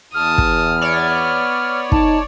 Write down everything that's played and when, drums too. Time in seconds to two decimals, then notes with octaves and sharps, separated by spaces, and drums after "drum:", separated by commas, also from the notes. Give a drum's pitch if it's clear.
0.14 E2 A5 D#6 F6
0.38 drum: kick
0.82 B3 C#5 D5
1.92 D#4 A5, drum: kick